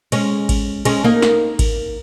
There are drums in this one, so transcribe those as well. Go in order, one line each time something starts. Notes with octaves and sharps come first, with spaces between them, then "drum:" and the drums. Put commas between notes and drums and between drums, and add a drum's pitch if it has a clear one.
G#3 C#4, drum: cymbal
drum: kick G#1, cymbal
G#3 C#4, drum: cymbal
A#3 D#4
drum: snare
drum: kick G#1, cymbal